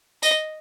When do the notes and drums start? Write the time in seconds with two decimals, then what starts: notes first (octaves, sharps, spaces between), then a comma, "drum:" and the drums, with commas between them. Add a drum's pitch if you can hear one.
0.23 D#5, drum: tambourine